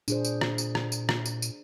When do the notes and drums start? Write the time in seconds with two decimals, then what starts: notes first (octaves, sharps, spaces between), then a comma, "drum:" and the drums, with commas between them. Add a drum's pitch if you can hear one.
0.08 A#2 D4 G#4 C5, drum: tambourine
0.25 drum: tambourine
0.41 drum: rim click
0.58 drum: tambourine
0.75 drum: rim click
0.92 drum: tambourine
1.09 drum: rim click
1.26 drum: tambourine
1.42 drum: tambourine